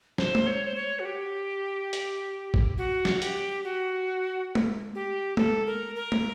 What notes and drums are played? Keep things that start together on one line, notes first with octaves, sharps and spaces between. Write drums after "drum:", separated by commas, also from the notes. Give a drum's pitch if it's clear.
C5, drum: snare
drum: tom
C#5
C5
C#5
F#4
G4
drum: hi-hat
drum: kick
F#4
drum: snare
G4, drum: hi-hat
F#4
drum: tom
G4
A4, drum: tom
A#4
A#4
drum: tom